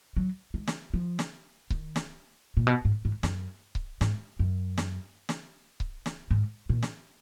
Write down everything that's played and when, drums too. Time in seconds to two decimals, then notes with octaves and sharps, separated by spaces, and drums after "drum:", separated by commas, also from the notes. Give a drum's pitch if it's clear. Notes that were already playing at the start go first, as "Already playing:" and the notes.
0.17 F#3
0.54 G#3
0.67 drum: snare
0.94 F3
1.19 drum: snare
1.70 D#3, drum: kick C#1
1.96 drum: snare
2.57 A#2
2.67 B2
2.85 G#2
3.05 G#2
3.23 F#2, drum: snare
3.75 drum: kick C#1
4.01 G#2, drum: snare
4.39 F#2
4.77 drum: snare
5.29 drum: snare
5.80 drum: kick C#1
6.06 drum: snare
6.31 G#2
6.70 A#2
6.82 drum: snare